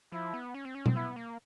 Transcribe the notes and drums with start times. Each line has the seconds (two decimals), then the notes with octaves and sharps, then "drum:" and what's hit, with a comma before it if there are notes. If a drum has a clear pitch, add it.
0.12 F3 E4
0.34 B3
0.54 C#4
0.65 C4
0.75 C#4
0.86 C4, drum: tom B2
0.96 B3 E4
1.16 A#3